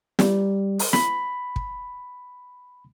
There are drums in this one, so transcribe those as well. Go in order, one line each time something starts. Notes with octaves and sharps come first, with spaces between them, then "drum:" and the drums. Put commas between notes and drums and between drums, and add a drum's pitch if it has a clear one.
G3, drum: snare
drum: open hi-hat
B5, drum: snare
drum: kick